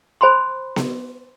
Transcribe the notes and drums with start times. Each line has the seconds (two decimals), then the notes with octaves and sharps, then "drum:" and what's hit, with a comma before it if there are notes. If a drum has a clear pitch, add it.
0.21 C5 G#5 B5 C6
0.76 drum: snare B3